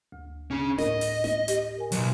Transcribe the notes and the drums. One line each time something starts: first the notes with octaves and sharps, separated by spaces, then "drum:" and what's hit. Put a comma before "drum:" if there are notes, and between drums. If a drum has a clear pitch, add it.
D2
C#4 D4 G#4
A2 A#4 D#5, drum: snare
drum: open hi-hat
drum: snare
G4, drum: hi-hat
A#4 G#5
B2 F#3, drum: open hi-hat